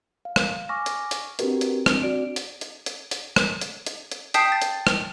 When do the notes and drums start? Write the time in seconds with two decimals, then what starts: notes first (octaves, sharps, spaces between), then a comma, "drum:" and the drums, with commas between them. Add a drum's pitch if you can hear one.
0.25 F5
0.36 drum: rim click
0.69 G#5 C#6 D6 F6 A#6
0.86 drum: hi-hat
1.11 drum: hi-hat
1.39 C4 D4 F#4 G4 A#4 B4, drum: hi-hat
1.61 drum: hi-hat
1.86 C4 D4, drum: rim click
2.02 F#4 D5 D7
2.36 drum: hi-hat
2.61 drum: hi-hat
2.86 drum: hi-hat
3.11 drum: hi-hat
3.36 drum: rim click
3.61 drum: hi-hat
3.86 drum: hi-hat
4.11 drum: hi-hat
4.34 G5 A5 D#6 G6 B6 C7, drum: hi-hat
4.52 A6
4.62 drum: hi-hat
4.87 drum: rim click